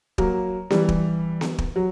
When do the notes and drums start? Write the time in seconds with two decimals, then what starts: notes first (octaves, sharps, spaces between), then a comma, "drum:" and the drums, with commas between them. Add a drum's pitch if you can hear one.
0.18 F#3 A#3, drum: kick
0.70 E3 G3, drum: snare B3
0.89 drum: kick
1.41 drum: snare B3
1.58 drum: kick
1.76 F#3